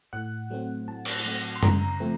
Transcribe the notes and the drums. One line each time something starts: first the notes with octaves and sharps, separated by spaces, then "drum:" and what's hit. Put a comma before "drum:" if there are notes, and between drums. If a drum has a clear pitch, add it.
A2 F#5
F#3 A3 C4
A2 A5
drum: cymbal
F#3 A3 C4
C6
C#3 A#5, drum: tom F#2
F3 A3 C4